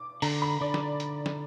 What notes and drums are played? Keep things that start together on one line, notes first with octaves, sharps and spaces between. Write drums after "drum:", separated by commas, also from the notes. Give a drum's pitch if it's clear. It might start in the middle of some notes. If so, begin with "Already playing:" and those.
Already playing: D6
D3 A#5, drum: open hi-hat
B5
D3 D5
drum: snare
drum: hi-hat
drum: snare